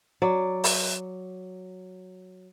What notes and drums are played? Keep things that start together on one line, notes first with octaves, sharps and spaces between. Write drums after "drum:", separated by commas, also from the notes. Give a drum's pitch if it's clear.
F#3 D5
drum: open hi-hat